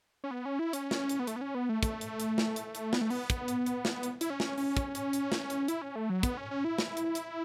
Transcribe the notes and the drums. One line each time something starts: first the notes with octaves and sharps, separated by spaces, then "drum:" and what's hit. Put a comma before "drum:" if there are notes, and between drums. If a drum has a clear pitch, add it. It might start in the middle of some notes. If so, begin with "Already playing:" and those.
C#4
B3
C#4
E4
C#4, drum: hi-hat
drum: snare
drum: hi-hat
B3
A3, drum: hi-hat
B3
C#4
B3
A3
A3, drum: kick, hi-hat
drum: hi-hat
drum: hi-hat
drum: snare
drum: hi-hat
drum: hi-hat
B3, drum: snare
A3
B3, drum: open hi-hat
drum: kick, hi-hat
drum: hi-hat
drum: hi-hat
drum: snare
drum: hi-hat
E4, drum: hi-hat
C#4
drum: snare
C#4, drum: open hi-hat
drum: kick, hi-hat
drum: hi-hat
drum: hi-hat
drum: snare
drum: hi-hat
E4, drum: hi-hat
C#4
A3
F#3
B3, drum: kick, hi-hat
C#4
C#4
E4
drum: snare
drum: hi-hat
drum: hi-hat